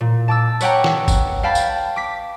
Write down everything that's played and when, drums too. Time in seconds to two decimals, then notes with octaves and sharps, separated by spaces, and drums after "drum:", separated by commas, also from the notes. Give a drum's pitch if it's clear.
0.01 A#2
0.28 A5 D6 E6
0.61 B4 C#5 F#5 G5 A#5, drum: tambourine
0.84 drum: snare
1.08 drum: kick G1, tambourine
1.43 F5 G5 A5 B5
1.55 drum: tambourine
1.96 D6 B6